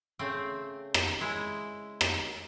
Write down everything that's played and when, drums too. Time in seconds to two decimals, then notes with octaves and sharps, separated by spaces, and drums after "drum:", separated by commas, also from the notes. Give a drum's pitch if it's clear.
0.19 C#3 A3 C4
0.94 drum: rim click
1.21 G#3 E4
2.01 drum: rim click